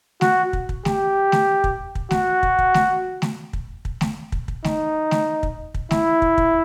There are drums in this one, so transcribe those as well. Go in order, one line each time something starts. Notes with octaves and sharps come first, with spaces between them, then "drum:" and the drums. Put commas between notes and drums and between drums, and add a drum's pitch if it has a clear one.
F#4, drum: snare A3
drum: kick
drum: kick
G4, drum: snare A3
drum: snare A3
drum: kick
drum: kick
F#4, drum: snare A3
drum: kick
drum: kick
drum: snare A3
drum: snare A3
drum: kick
drum: kick
drum: snare A3
drum: kick
drum: kick
D#4, drum: snare A3
drum: snare A3
drum: kick
drum: kick
E4, drum: snare A3
drum: kick
drum: kick